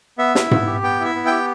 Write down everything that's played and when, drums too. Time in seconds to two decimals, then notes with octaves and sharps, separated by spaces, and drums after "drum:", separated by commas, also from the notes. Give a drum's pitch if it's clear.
0.18 B3 E5
0.35 E4, drum: snare
0.51 B3, drum: tom G#2
0.67 G4
0.83 B3 G5
1.00 E4
1.05 E5
1.15 B3
1.26 G4 G5